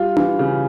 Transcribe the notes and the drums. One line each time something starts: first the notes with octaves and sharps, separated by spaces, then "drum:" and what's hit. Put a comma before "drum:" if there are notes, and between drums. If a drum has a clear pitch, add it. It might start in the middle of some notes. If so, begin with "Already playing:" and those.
Already playing: G3 F4
E3, drum: tom D4
C#3